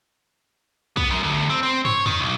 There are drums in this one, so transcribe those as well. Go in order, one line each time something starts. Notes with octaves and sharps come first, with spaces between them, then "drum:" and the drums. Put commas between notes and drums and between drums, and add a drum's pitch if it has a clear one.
B3, drum: kick
F#2
D2
C4
C4
C#5, drum: tom
D#3, drum: tom E2
B1